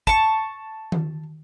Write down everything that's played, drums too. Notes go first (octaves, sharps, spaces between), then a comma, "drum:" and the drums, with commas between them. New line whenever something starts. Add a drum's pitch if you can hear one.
A5 C#6, drum: kick
drum: tom D#3